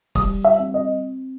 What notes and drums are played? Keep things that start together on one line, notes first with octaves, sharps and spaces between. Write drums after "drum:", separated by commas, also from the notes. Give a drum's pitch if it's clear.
G3 D#6, drum: kick
E5
C4
D#5